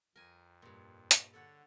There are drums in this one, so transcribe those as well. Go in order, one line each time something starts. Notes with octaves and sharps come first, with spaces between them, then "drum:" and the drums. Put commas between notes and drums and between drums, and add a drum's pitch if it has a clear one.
F2 A#4 G#5
G2 A#2
drum: hi-hat
D3 A4 C#5 F#5